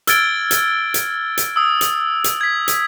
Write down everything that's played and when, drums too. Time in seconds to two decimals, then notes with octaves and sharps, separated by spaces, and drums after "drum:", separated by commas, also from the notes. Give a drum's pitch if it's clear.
0.07 E6 F6 G#6 A6 D7 G7, drum: hi-hat
0.51 drum: hi-hat
0.94 drum: hi-hat
1.37 drum: hi-hat
1.56 D#6 E6
1.81 drum: hi-hat
2.24 drum: hi-hat
2.41 G#6 B6
2.68 drum: hi-hat